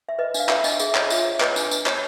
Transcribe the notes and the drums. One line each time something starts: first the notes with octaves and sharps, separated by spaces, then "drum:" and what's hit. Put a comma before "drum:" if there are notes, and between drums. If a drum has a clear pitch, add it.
E5
B4 D#5
D4, drum: tambourine
F5
F#4 E5, drum: clap
D4 D#5, drum: tambourine
G#4 E5, drum: tambourine
C#5 D#5, drum: clap
F4 E5, drum: tambourine
C#5
B4 D#5, drum: clap
D4, drum: tambourine
D4, drum: tambourine
F#4 C#5, drum: clap